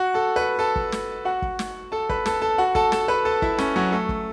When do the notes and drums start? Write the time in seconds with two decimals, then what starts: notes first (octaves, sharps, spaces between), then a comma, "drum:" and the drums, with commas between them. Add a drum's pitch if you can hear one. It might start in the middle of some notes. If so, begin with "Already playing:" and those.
Already playing: F#4 F#5
0.14 A4 A5
0.36 B4 B5
0.59 A4 A5
0.76 drum: kick
0.92 drum: snare
1.25 F#4 F#5
1.42 drum: kick
1.59 drum: snare
1.92 A4 A5
2.10 B4 B5, drum: kick
2.26 A4 A5, drum: snare
2.42 A4 A5
2.58 F#4 F#5
2.75 A4 A5, drum: kick
2.92 A4 A5, drum: snare
3.08 B4 B5
3.25 A4 A5
3.42 E4 E5, drum: kick
3.58 C#4, drum: snare
3.76 F#3 F#4
3.92 A3 A4
4.09 drum: kick